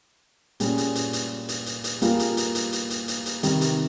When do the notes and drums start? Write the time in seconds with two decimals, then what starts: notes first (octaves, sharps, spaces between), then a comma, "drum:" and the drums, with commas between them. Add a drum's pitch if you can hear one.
0.60 A#2 G3 C#4 G#4, drum: hi-hat
0.78 drum: hi-hat
0.95 drum: hi-hat
1.13 drum: hi-hat
1.49 drum: hi-hat
1.66 drum: hi-hat
1.84 drum: hi-hat
2.02 G3 A#3 F4 G#4, drum: hi-hat
2.19 drum: hi-hat
2.37 drum: hi-hat
2.55 drum: hi-hat
2.73 drum: hi-hat
2.90 drum: hi-hat
3.08 drum: hi-hat
3.26 drum: hi-hat
3.43 C3 D#3 G3, drum: hi-hat
3.61 drum: hi-hat